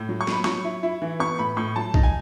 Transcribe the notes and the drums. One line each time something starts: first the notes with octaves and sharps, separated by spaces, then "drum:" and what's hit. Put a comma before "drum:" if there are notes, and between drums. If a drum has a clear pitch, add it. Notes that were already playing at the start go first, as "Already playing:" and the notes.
Already playing: A2
F#3
C#6
F#3 B5, drum: snare
F#3 C#6, drum: snare
E4
E4
E3
B3 C#6
A2 B5
A2 C#6
F#3 A5
D#4, drum: kick A#1
G#5